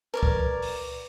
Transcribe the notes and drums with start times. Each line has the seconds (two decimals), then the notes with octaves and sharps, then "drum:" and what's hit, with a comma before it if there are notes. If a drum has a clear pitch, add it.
0.14 A#4 B4 C#5 D5
0.23 drum: kick
0.62 drum: open hi-hat